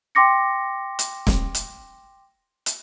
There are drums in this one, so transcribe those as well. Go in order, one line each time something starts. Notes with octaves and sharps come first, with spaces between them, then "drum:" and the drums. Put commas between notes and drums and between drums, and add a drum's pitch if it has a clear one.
G5 C6 D6 A#6 C#7
drum: hi-hat
drum: snare
drum: hi-hat
drum: hi-hat